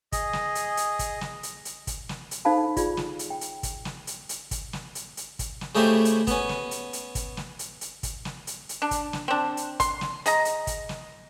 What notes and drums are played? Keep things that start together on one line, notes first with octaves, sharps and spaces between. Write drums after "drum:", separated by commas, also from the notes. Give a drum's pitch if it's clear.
G#4 D#5, drum: kick, hi-hat
drum: snare
drum: hi-hat
drum: hi-hat
drum: kick, hi-hat
drum: snare
drum: hi-hat
drum: hi-hat
drum: kick, hi-hat
drum: snare
drum: hi-hat
D#4 A4 C5 F5 A5 B5
F4 G#4 D5, drum: kick, hi-hat
drum: snare
drum: hi-hat
G5
drum: hi-hat
drum: kick, hi-hat
drum: snare
drum: hi-hat
drum: hi-hat
drum: kick, hi-hat
drum: snare
drum: hi-hat
drum: hi-hat
drum: kick, hi-hat
drum: snare
C#3 A3 D#4 E4 G4 C5
drum: hi-hat
B3 C#4, drum: kick, hi-hat
drum: snare
drum: hi-hat
drum: hi-hat
drum: kick, hi-hat
drum: snare
drum: hi-hat
drum: hi-hat
drum: kick, hi-hat
drum: snare
drum: hi-hat
drum: hi-hat
D4
drum: kick, hi-hat
drum: snare
C4 D4
drum: hi-hat
C6, drum: kick, hi-hat
drum: snare
G#4 D#5 A#5, drum: hi-hat
drum: hi-hat
drum: kick, hi-hat
drum: snare